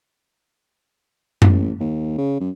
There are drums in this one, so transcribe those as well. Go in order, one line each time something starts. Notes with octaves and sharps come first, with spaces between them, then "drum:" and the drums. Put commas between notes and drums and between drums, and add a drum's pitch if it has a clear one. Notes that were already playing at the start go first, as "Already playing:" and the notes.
A1, drum: tom F#2
D#2
C#3
F#2